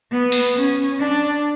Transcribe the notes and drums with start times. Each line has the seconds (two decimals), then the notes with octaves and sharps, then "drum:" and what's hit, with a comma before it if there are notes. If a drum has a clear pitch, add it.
0.12 B3
0.32 drum: open hi-hat
0.55 C#4
0.99 D4